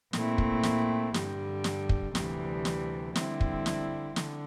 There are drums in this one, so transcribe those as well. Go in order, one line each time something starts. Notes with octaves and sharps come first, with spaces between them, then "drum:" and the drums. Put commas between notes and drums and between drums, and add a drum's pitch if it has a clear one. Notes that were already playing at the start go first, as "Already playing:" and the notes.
A#2 A3 C4 E4, drum: snare
drum: kick
drum: snare
G2 D3 G3, drum: snare
drum: snare
drum: kick
D2 C3 E3 G3, drum: snare
drum: snare
D3 G3 C4 E4, drum: snare
drum: kick
drum: snare
D3, drum: snare